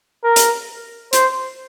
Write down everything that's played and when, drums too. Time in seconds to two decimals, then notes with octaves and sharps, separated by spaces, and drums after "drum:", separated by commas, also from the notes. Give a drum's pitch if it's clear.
0.24 A#4
0.36 drum: hi-hat
1.13 C5, drum: hi-hat